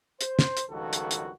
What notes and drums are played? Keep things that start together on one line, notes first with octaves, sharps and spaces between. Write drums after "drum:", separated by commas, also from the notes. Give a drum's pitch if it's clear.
C5, drum: hi-hat
drum: snare
drum: hi-hat
C#2 G2 D#3 F3 F#4 A4
drum: hi-hat
drum: hi-hat